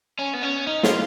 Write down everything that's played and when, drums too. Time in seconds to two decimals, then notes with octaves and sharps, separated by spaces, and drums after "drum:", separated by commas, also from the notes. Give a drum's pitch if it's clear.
0.19 C#4
0.33 B3
0.43 C#4
0.67 D#4
0.83 F4, drum: snare